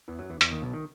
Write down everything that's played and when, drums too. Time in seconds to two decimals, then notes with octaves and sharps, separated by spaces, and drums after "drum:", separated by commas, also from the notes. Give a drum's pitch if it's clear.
0.08 E2 E3
0.19 F#2 F#3
0.30 E2 E3
0.41 E2 E3, drum: hi-hat
0.51 D#2 D#3
0.62 B1 B2
0.73 D#3